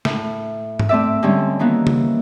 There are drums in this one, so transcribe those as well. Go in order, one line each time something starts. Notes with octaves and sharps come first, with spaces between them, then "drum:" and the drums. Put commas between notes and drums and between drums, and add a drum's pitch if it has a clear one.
A2, drum: snare
drum: tom G#2
A3 C4 D5 E5
D3 G3 G#3 C4 C#4
D#3 E3 A#3 B3
drum: tom C#3